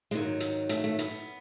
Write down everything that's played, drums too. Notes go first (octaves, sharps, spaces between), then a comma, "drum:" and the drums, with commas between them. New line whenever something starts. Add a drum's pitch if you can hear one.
G#2 D#3 F#3 G#3
drum: hi-hat
A3, drum: hi-hat
A3
B3, drum: hi-hat